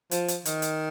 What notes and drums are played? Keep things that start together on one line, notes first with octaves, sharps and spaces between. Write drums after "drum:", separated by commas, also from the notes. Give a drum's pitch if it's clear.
F3, drum: hi-hat
drum: hi-hat
D#3, drum: hi-hat
drum: hi-hat